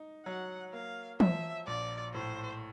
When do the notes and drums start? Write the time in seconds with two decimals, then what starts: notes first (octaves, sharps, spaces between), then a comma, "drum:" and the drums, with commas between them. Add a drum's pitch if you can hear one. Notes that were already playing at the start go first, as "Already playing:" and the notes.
Already playing: D#4
0.26 F#3 F#5
0.73 A#3 F5
1.20 F3 E5, drum: tom E3
1.67 A#1 D5
2.14 A2 C5